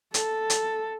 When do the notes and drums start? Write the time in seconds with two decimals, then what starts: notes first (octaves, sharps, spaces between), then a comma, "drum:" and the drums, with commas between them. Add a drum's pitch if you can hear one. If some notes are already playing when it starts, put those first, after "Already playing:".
0.14 A4, drum: hi-hat
0.50 drum: hi-hat